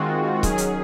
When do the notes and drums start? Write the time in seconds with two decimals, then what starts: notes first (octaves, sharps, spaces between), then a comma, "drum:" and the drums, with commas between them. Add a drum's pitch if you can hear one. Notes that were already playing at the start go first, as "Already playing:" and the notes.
Already playing: D#3 G#3 C4 F4 F#4
0.43 D#3 F#3 C#4 G#4, drum: kick C#1, hi-hat
0.58 drum: hi-hat